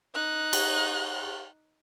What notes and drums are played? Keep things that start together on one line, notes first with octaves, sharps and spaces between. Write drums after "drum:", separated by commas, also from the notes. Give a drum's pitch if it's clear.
D#4 F#6
drum: cymbal